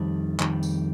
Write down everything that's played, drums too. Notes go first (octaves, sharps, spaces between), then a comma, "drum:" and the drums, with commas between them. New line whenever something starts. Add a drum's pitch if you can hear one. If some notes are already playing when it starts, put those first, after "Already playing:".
Already playing: F2 D#3 G3
F2 D#3 G3, drum: clap
drum: tambourine